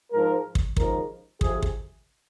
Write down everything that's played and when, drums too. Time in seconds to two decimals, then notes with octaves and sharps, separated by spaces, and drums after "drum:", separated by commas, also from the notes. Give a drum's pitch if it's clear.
0.12 G#2 F3 G#3 A#4
0.55 drum: kick
0.77 D#2 C#3 F3 G#3 A#4, drum: kick
1.41 F2 C3 F3 G#4, drum: kick
1.62 drum: kick